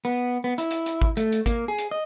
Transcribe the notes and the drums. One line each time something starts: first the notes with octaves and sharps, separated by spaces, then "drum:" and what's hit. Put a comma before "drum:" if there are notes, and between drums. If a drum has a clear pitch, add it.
B3
B3
E4, drum: hi-hat
drum: hi-hat
drum: hi-hat
drum: kick
A3, drum: hi-hat
drum: hi-hat
A#3, drum: kick, hi-hat
G#4
drum: hi-hat
D#5